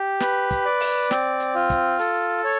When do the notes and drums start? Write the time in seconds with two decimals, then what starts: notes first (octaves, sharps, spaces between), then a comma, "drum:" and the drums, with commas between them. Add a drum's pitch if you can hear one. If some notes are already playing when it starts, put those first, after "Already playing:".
Already playing: G4
0.20 B4, drum: snare
0.51 drum: kick, hi-hat
0.65 D5
0.80 drum: open hi-hat
1.11 C4, drum: snare
1.40 drum: hi-hat
1.55 F4
1.70 drum: kick, hi-hat
1.99 A4, drum: hi-hat
2.44 C#5